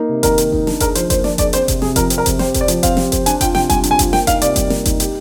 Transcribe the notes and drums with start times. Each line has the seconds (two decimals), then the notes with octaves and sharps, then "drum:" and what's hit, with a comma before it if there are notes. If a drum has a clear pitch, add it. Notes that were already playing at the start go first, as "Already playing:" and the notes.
Already playing: A#3 D#4
0.09 C3
0.23 D#3 A#4, drum: kick F#1, hi-hat
0.38 A#3, drum: hi-hat
0.52 D#4, drum: kick F#1
0.67 D4, drum: snare
0.80 G#4 A#4, drum: kick F#1, hi-hat
0.95 F3 C5, drum: hi-hat
1.10 A#3 C5, drum: kick F#1, hi-hat
1.24 D4 D5, drum: snare
1.38 G#4 D5, drum: kick F#1, hi-hat
1.53 C4 C5, drum: hi-hat
1.68 C3, drum: kick F#1, hi-hat
1.82 C3 G#4, drum: snare
1.96 F3 A#4, drum: kick F#1, hi-hat
2.10 C4, drum: hi-hat
2.18 A#4
2.26 C3, drum: kick F#1, hi-hat
2.39 G4 C5, drum: snare
2.54 C5, drum: kick F#1, hi-hat
2.61 D5
2.68 F3, drum: hi-hat
2.83 C4 F5, drum: kick F#1, hi-hat
2.97 G4, drum: snare
3.12 C5, drum: kick F#1, hi-hat
3.26 D4 G#5, drum: hi-hat
3.41 F4 G5, drum: kick F#1, hi-hat
3.55 C3 G5, drum: snare
3.69 G3 G#5, drum: kick F#1, hi-hat
3.83 D4, drum: hi-hat
3.91 G#5
3.99 F4, drum: kick F#1, hi-hat
4.13 A#3 G5, drum: snare
4.27 D#4 F5, drum: kick F#1, hi-hat
4.42 C3 D5, drum: hi-hat
4.56 G3, drum: kick F#1, hi-hat
4.70 A#3, drum: snare
4.85 D#4, drum: kick F#1, hi-hat
5.00 G4, drum: hi-hat